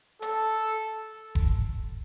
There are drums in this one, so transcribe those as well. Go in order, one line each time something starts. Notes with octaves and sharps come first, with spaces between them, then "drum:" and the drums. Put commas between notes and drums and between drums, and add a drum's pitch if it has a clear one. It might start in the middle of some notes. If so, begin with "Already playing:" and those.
A4, drum: hi-hat
drum: kick E1